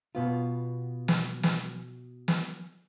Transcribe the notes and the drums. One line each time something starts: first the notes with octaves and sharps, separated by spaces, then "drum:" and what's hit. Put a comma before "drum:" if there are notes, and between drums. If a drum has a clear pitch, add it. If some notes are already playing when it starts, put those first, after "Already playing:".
B2 B3 F4
drum: snare
drum: snare
drum: snare